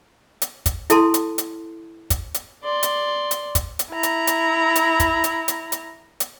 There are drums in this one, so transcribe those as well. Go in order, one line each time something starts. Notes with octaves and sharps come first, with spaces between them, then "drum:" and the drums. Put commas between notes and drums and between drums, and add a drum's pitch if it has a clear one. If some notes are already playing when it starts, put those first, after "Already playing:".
drum: hi-hat
drum: kick, hi-hat
E4 A4 A5 C6, drum: hi-hat
drum: hi-hat
drum: hi-hat
drum: kick, hi-hat
drum: hi-hat
D5 C6
drum: hi-hat
drum: hi-hat
drum: kick, hi-hat
drum: hi-hat
E4 A#5
drum: hi-hat
drum: hi-hat
drum: hi-hat
drum: kick, hi-hat
drum: hi-hat
drum: hi-hat
drum: hi-hat
drum: hi-hat